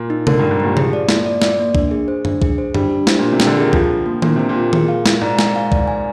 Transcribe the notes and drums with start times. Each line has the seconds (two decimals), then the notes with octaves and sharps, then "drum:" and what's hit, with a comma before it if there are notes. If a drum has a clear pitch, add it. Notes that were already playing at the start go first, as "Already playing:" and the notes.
Already playing: A#2
0.10 D#4
0.27 D3 A#4, drum: tom C3
0.39 G2 D#4
0.51 G#2
0.60 A#2 G4
0.77 F3 G#4, drum: tom C3
0.93 D5
1.09 A#3, drum: snare
1.26 D5
1.42 D5, drum: snare
1.59 A#3
1.75 D4, drum: kick
1.91 G#4
2.08 C5
2.25 D4, drum: tom F#2
2.42 G#4, drum: kick
2.58 C5
2.74 G3 D4, drum: tom F#2
2.90 D4
3.07 C5, drum: snare
3.19 A#2
3.24 D4
3.33 C3
3.40 G5, drum: snare
3.47 D3
3.57 D#3 G#4
3.73 F3 F4, drum: kick
3.90 D4
4.06 A#3
4.22 A#2 D4, drum: tom D#3
4.36 C3 C5
4.49 A#2
4.55 F4
4.73 G#4, drum: tom D#3
4.88 F5
5.06 F5, drum: snare
5.21 G#2 D5
5.39 G#5, drum: snare
5.56 F5
5.72 D5, drum: kick
5.88 G#5